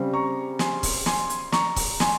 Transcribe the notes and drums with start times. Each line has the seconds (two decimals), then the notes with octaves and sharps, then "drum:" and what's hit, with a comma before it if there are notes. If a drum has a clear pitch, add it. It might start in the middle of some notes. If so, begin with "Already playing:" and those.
Already playing: C#3 G3 C4
0.14 A#5 C#6
0.59 G#5 C6, drum: snare
0.83 drum: kick, open hi-hat
1.06 G#5 C6, drum: snare
1.30 drum: hi-hat
1.52 A#5 C#6, drum: snare
1.76 drum: kick, open hi-hat
2.00 G#5 C6, drum: snare